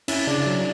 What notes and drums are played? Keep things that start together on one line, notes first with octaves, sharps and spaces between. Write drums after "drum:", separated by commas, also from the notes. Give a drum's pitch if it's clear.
C#4 E4, drum: cymbal
C#3 D4
F#3